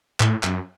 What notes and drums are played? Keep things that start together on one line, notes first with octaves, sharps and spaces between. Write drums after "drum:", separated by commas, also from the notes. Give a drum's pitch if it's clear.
A2, drum: clap
F#2, drum: clap